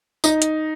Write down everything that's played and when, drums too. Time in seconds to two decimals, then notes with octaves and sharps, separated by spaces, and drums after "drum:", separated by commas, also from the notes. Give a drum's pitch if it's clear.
0.24 D#4, drum: tambourine
0.42 drum: hi-hat